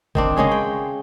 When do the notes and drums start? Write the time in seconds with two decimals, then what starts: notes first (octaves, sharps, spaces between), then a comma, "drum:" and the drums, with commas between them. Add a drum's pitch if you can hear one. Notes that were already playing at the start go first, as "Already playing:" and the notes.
0.15 D#3 C4 D4, drum: kick G1
0.36 C#3 G#3 C#4 G#4
0.52 G5